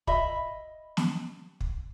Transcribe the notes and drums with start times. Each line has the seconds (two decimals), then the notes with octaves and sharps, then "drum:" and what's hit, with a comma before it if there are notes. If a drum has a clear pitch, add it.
0.07 D#5 E5 B5, drum: kick
0.97 drum: snare
1.61 drum: kick